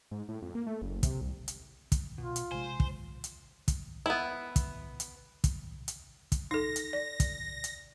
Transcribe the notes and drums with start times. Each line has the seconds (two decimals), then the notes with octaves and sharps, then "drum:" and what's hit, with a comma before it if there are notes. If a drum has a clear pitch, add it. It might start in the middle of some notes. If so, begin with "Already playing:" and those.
0.11 G#2
0.29 A2
0.42 F2
0.55 A#3
0.67 A3
0.82 F#1
1.03 C3, drum: kick, hi-hat
1.21 C2
1.48 drum: hi-hat
1.92 drum: kick, hi-hat
2.18 B2 F4
2.36 drum: hi-hat
2.51 A#1 C3 G#3 C5 G#5
2.80 drum: kick
3.24 drum: hi-hat
3.68 drum: kick, hi-hat
4.06 B3 E4
4.56 drum: kick, hi-hat
5.00 drum: hi-hat
5.44 drum: kick, hi-hat
5.88 drum: hi-hat
6.32 drum: kick, hi-hat
6.51 D#4 A4 A#6
6.76 drum: hi-hat
6.93 D5
7.20 drum: kick, hi-hat
7.64 drum: hi-hat